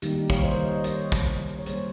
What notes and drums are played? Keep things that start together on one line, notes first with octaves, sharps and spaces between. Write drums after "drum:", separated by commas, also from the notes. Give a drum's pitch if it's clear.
D#3 G3 A#3 D#4 G4, drum: hi-hat
D#4 G4
C#5 F5, drum: kick, hi-hat
C5 D#5
A#4 C#5
C5 D#5
C5 D#5
A#4 C#5, drum: hi-hat
drum: kick, hi-hat
C#5
C#3 G3 A#3 G#4 C5, drum: hi-hat